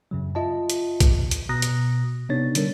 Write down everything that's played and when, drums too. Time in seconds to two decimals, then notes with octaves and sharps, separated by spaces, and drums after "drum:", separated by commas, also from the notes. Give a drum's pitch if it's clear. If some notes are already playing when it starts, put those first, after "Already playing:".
0.11 F#2 C#3 F#3
0.35 F4 D#5 E5 A5
0.70 drum: hi-hat
1.00 drum: kick, hi-hat
1.31 drum: hi-hat
1.49 B2 A#5 D#6 F#6 A#6
1.62 drum: hi-hat
2.29 C3 B3 D4 D#4 C#5 A6
2.55 D3 G3 D4 A#4, drum: hi-hat